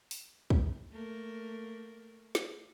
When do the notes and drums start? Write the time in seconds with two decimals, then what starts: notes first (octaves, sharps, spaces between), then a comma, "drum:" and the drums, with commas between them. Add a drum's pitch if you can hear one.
0.11 drum: open hi-hat
0.50 drum: kick
0.91 A3 A#3 A#4
2.35 drum: snare